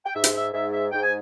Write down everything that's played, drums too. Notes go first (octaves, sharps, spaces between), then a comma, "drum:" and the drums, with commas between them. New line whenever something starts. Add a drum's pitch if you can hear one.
G5
G#2 E5
drum: hi-hat
E5
G#2 E5
E5
G#2 G5
G#5